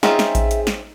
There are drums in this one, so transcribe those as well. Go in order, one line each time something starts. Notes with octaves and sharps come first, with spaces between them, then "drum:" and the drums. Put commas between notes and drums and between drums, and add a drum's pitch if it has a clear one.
C4 C#4 D#4 F4 G#4 E5, drum: snare
drum: snare
drum: kick A1, hi-hat
drum: hi-hat
drum: snare